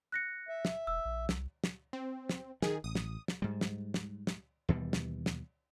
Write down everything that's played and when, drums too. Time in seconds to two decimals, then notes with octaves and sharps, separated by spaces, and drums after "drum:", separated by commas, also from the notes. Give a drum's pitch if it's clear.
0.12 F#6 A#6 C#7
0.49 E5
0.65 drum: snare
0.87 E1 E6
1.05 A#1
1.29 C2, drum: snare
1.64 drum: snare
1.93 C4
2.29 drum: snare
2.62 D#3 G#4, drum: snare
2.84 A1 D#6
2.95 drum: snare
3.28 drum: snare
3.42 G#2 G3
3.61 drum: snare
3.94 drum: snare
4.27 drum: snare
4.69 D#2 B2 E3 G3
4.93 drum: snare
5.26 drum: snare